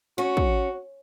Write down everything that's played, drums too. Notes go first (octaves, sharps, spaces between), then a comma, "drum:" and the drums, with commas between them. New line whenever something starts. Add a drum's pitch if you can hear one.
C#4 F#4
drum: kick